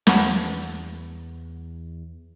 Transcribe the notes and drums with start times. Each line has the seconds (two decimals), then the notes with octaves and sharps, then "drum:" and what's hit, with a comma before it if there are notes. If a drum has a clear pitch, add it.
0.07 E2 B3 D4, drum: snare